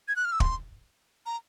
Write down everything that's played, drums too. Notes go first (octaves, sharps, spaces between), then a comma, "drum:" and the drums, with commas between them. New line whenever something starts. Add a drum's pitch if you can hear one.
G#6
F#6
F6
E6
C6, drum: kick
A#5